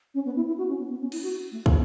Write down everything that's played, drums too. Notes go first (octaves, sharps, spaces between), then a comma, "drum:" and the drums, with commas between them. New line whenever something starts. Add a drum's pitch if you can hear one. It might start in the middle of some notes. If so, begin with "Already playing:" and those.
C#4
B3
E4
E4
F#4
C#4
B3
B3
C#4
E4, drum: cymbal
F#4
A3
B3, drum: kick